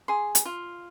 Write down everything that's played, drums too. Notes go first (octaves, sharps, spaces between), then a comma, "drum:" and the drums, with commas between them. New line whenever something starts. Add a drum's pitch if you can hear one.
G#4 C6
drum: hi-hat
F4